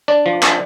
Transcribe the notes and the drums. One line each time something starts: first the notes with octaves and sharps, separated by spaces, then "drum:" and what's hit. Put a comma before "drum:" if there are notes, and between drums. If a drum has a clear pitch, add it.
D4 D5
F3
D4 D5, drum: clap